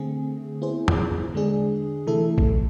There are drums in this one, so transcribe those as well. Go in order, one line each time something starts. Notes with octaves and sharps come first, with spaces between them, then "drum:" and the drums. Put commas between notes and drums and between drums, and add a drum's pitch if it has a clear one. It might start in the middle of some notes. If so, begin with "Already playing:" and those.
Already playing: D3 A3 C4 G#4
B3 E4 G#4 C5
drum: tom E2
D3 G#3 D4 G#4
C3 E3 A3 E4 A4
drum: kick A#1